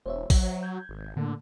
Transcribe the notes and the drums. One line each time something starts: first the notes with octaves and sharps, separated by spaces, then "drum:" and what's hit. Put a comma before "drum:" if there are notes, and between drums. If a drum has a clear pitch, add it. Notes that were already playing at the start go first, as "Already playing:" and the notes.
E1 C5 C#5 E5
F#3, drum: kick, open hi-hat
G6 G#6
G#1
A2 D3 A3 A#3